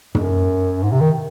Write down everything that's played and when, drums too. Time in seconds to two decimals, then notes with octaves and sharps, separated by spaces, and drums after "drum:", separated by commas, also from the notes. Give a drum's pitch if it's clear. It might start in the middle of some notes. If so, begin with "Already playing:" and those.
0.15 F#2, drum: tom
0.83 G#2
0.92 C3
1.01 D#3